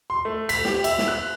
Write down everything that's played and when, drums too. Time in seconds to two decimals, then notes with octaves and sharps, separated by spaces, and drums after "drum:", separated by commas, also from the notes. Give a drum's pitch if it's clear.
0.10 C6
0.25 A3
0.49 B6, drum: cymbal
0.65 G4, drum: snare
0.84 E5, drum: cymbal
0.98 drum: snare
1.08 F#6